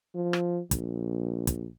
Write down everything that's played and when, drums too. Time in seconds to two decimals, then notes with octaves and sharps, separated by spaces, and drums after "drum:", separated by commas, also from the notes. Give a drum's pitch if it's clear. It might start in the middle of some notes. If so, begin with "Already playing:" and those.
0.15 F3
0.33 drum: rim click
0.71 A#1, drum: kick, hi-hat
1.47 drum: kick, hi-hat